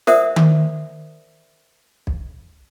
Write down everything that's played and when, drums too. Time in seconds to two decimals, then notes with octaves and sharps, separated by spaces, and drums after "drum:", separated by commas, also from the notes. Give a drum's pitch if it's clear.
0.07 A#4 C5 D5 E5 F#5 D#6, drum: snare
0.36 drum: tom D#3
2.07 drum: kick B1